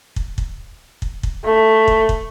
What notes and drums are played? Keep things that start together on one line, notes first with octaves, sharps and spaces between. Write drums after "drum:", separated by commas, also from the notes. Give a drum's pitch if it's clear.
drum: kick
drum: kick
drum: kick
drum: kick
A3
drum: kick
drum: kick